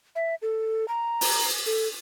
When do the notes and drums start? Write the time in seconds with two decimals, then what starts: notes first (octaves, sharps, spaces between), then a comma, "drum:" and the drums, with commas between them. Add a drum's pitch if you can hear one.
0.16 E5
0.42 A4
0.88 A#5
1.21 drum: open hi-hat
1.66 A4